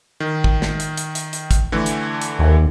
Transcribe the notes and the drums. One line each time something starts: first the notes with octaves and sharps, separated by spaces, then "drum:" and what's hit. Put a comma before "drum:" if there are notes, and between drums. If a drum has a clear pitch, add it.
D#3
drum: kick
drum: snare
drum: hi-hat
drum: hi-hat
drum: hi-hat
drum: hi-hat
drum: kick, hi-hat
D3 E3 A3
drum: hi-hat
drum: hi-hat
D#2